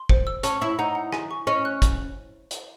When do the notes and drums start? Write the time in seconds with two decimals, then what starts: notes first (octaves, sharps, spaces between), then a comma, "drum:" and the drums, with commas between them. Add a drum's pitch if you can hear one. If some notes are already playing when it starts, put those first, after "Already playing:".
Already playing: C6
0.09 C5, drum: kick
0.27 E6
0.43 C#4 A5, drum: hi-hat
0.61 E4 C#6
0.79 D#4 F#5
0.95 F#5
1.12 G#5, drum: rim click
1.31 C#6
1.47 C#4 D#5
1.65 F#6
1.82 drum: kick, hi-hat
2.51 drum: hi-hat